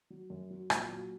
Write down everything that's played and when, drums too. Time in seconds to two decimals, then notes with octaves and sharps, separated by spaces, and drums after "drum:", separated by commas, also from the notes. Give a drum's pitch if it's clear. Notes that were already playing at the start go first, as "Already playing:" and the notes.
0.10 F#3
0.30 F#2
0.50 F#3
0.70 A#2, drum: rim click
0.89 F#3